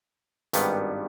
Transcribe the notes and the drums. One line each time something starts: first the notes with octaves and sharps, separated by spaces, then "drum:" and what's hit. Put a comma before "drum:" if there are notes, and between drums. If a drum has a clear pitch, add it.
G#1 G2 D#3 G3 B3, drum: hi-hat